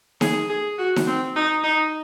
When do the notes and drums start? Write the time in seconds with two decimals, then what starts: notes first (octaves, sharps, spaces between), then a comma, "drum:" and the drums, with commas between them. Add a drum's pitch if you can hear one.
0.21 G#4, drum: snare D#4
0.50 G#4
0.78 F#4
0.96 drum: snare D#4
1.07 C4
1.36 D#4
1.64 D#4